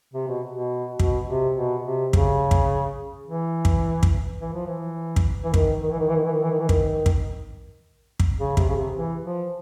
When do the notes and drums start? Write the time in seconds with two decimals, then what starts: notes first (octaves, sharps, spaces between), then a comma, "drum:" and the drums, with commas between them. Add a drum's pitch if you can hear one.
0.14 C3
0.27 B2
0.53 B2
0.99 B2, drum: kick
1.28 C3
1.56 B2
1.85 C3
2.13 C#3, drum: kick
2.51 drum: kick
3.27 E3
3.65 drum: kick
4.03 drum: kick
4.40 E3
4.53 F3
4.67 E3
5.16 drum: kick
5.44 E3
5.54 D#3, drum: kick
5.82 D#3
5.92 E3
5.99 D#3
6.09 E3
6.16 D#3
6.25 E3
6.34 D#3
6.43 E3
6.51 D#3
6.60 E3
6.69 D#3, drum: kick
7.06 drum: kick
8.19 drum: kick
8.39 C#3
8.57 C3, drum: kick
8.69 C#3
8.76 C3
8.95 E3
9.24 F3